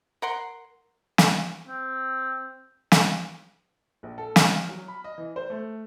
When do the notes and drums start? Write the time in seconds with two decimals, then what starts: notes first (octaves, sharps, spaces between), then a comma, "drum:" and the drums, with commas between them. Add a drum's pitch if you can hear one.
0.22 A#4 F#5 C6
1.18 drum: snare
1.68 C4
2.92 drum: snare
4.03 A#1
4.18 A4
4.36 F6, drum: snare
4.69 F#3
4.88 B5
5.04 D#5
5.18 E3
5.36 C5
5.50 A3